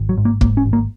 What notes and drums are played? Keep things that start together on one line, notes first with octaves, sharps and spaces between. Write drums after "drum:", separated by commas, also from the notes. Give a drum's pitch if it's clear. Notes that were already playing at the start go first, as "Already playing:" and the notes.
Already playing: G#1
F#3
G#2
A#3
G#2 A#3, drum: kick
C#4
G#1
A#3